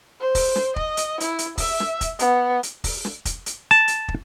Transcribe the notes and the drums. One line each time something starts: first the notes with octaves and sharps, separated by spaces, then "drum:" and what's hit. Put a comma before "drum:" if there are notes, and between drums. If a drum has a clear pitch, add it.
C5
drum: kick, open hi-hat
drum: snare
D#5, drum: kick
drum: hi-hat
E4, drum: hi-hat
drum: hi-hat
E5, drum: kick, open hi-hat
drum: snare
drum: kick, hi-hat
B3, drum: hi-hat
drum: hi-hat
drum: kick, open hi-hat
drum: snare
drum: kick, hi-hat
drum: hi-hat
A5
drum: hi-hat
drum: kick